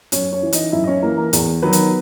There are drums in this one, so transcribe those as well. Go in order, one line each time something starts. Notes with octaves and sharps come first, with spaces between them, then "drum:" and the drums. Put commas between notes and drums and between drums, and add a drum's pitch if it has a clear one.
F#2 C#4 C#5, drum: hi-hat
C#4 C#5
E3
D#4 D#5, drum: hi-hat
F#2 E4 E5
D#5
C#4 C#5
E3 A#3 A#4
A#3 A#4
E2, drum: hi-hat
D#3 F#3 B3 B4
drum: hi-hat